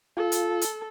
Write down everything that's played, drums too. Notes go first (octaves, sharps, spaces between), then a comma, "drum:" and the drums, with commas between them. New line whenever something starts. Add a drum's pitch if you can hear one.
F4 A4
drum: hi-hat
drum: hi-hat